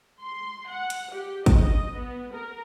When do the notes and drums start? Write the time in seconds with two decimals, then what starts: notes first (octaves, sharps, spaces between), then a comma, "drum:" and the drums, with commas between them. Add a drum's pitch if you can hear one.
0.21 C6
0.68 F#5
0.90 drum: hi-hat
1.14 G4
1.46 D#5, drum: kick, hi-hat
1.96 B3
2.33 A#4